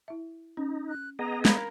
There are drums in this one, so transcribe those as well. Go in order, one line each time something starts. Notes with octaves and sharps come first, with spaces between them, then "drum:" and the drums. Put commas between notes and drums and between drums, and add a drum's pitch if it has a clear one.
E4 E5
C#4 D#4
F#6
B3 G#4 D#5 A#5
A#4 F5 B5, drum: snare